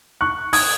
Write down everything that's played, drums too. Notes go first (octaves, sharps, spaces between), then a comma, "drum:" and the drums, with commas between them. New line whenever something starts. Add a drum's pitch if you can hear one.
C#6 F#6
D#6 G#6, drum: open hi-hat